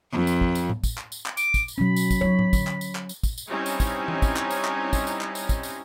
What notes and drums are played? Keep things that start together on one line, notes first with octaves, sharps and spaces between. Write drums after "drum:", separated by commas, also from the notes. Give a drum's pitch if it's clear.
F2
drum: tambourine
drum: kick
drum: tambourine
drum: tom A2
drum: kick, tambourine
drum: clap
drum: tambourine
drum: clap
D6, drum: tambourine
drum: kick, tambourine
drum: tambourine
B2 F#3 C#4 B5
drum: tambourine
drum: kick, tambourine
F#3 D#4 C#5
drum: tom A2
D3, drum: kick, tambourine
drum: clap
drum: tambourine
drum: clap
drum: tambourine
drum: kick, tambourine
drum: tambourine
G3 C4 C#4 D#4 E4
drum: tambourine
drum: kick, tambourine
drum: tom E3
drum: kick, tambourine
drum: clap
drum: tambourine
drum: clap
drum: kick, tambourine
drum: tambourine
drum: clap
drum: tambourine
drum: kick, tambourine
drum: tambourine